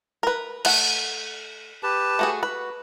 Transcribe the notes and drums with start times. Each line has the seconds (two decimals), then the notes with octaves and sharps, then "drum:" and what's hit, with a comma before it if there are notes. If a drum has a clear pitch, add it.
0.23 A#4 B4
0.65 A3 F#5, drum: cymbal
1.83 G4 B4 A5
2.19 A3 F#4 G#4
2.43 F#4 B4